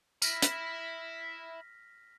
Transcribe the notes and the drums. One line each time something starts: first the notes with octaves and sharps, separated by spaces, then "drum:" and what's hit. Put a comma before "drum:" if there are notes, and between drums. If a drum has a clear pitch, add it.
E5 B5 F6 A#6 B6, drum: tambourine
drum: hi-hat